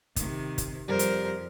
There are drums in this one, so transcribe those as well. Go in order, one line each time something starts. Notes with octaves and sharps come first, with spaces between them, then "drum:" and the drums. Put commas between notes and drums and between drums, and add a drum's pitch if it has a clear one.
C3 D#3, drum: kick, hi-hat
drum: kick, hi-hat
F2 G3 A#4 C5
drum: hi-hat